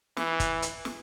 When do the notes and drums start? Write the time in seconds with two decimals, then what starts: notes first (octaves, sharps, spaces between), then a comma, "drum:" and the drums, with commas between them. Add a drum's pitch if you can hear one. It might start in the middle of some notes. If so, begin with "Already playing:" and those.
0.17 E3, drum: snare
0.40 drum: kick, hi-hat
0.62 drum: hi-hat
0.85 drum: snare